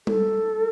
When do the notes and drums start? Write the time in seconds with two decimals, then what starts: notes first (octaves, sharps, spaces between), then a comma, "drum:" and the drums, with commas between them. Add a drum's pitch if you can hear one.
0.07 A4, drum: tom G3